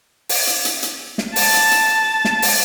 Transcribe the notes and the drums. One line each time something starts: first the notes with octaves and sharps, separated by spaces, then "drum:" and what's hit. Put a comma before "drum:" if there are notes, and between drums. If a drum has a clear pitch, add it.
drum: open hi-hat
drum: hi-hat
drum: hi-hat
drum: hi-hat
drum: snare
A5, drum: open hi-hat
drum: hi-hat
drum: hi-hat
drum: snare
drum: open hi-hat